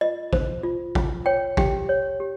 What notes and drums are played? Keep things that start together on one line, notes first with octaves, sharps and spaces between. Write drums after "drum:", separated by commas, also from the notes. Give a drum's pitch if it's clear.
F4 D#5
C5, drum: kick A1
F4
F4, drum: kick A1
C#5 G5
G4 G5, drum: kick A1
C#5
G4